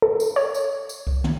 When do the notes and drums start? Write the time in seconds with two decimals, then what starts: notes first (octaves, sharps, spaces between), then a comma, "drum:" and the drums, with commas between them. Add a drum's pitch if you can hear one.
0.02 A4
0.20 drum: tambourine
0.36 C#5
0.55 drum: tambourine
0.89 drum: tambourine
1.07 drum: kick C2
1.24 drum: tom